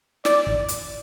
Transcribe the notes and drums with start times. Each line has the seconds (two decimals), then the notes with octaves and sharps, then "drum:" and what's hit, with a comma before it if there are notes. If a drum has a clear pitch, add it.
0.25 D5, drum: snare
0.47 drum: kick
0.68 drum: hi-hat